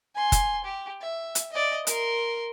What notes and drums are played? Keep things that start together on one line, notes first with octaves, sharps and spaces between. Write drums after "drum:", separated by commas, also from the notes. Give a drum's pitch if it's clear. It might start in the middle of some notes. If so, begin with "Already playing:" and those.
G#5 C6
drum: kick F#1, hi-hat
G4
E5
drum: hi-hat
D5 D#5
A#4 C6, drum: hi-hat